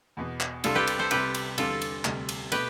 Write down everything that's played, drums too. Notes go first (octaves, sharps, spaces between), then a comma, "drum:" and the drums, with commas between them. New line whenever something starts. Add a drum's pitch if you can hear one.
E2 B2 B3
drum: clap
C2 C3 G3 D4 F4 A4, drum: cymbal
G4 B4
drum: cymbal
A4 C5
C2 C3 G3 G4 B4, drum: cymbal
drum: cymbal
E2 D3 G3 F4 A4, drum: cymbal
drum: cymbal
D2 C3 G3, drum: clap
drum: cymbal
B2 A3 G4 B4, drum: cymbal